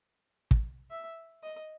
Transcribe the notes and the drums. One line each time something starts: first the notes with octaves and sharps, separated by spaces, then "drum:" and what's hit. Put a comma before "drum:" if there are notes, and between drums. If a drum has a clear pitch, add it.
drum: kick
E5
D#5